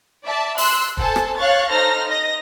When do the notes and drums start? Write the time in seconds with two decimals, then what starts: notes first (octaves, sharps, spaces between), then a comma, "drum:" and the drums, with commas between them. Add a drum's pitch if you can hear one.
0.25 D5 E5 A5
0.58 C6 E6 F#6, drum: open hi-hat
0.97 A4 C5 G#5 A5, drum: kick
1.16 drum: rim click
1.37 C#5 F5 C#6 F#6 A6
1.68 D#4 A4 C5 F6 A#6
2.09 D#5 A#6